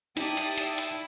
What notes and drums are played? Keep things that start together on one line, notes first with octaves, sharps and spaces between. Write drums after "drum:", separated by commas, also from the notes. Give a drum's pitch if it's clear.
D#4 E4 G4 D5 G5 A5 D#6, drum: hi-hat
drum: hi-hat
drum: hi-hat
drum: hi-hat